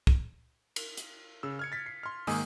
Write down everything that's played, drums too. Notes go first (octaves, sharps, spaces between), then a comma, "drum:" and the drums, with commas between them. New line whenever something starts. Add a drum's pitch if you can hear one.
drum: kick
drum: cymbal
drum: hi-hat
C#3 E6
F6 G#6 C#7
A6 B6
C7
C6 F6
G#2 D#3 A#3 G#5 D#6 E6, drum: open hi-hat